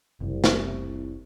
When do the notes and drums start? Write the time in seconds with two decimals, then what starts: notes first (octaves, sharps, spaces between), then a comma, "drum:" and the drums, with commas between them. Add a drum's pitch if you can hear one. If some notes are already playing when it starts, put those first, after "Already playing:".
0.21 F#1 C2 C3
0.44 drum: snare